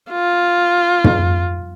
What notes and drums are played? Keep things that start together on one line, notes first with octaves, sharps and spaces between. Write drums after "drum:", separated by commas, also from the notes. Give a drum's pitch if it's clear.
F4
drum: tom